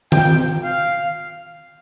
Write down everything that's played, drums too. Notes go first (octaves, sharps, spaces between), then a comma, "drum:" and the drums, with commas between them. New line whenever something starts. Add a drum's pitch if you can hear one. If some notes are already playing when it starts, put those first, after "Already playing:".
G5, drum: tom D#3
F5